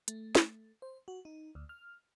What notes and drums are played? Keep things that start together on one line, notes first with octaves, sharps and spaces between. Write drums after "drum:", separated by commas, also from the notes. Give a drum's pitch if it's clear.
A3, drum: hi-hat
drum: snare
C5
F#4
D#4
D2
F6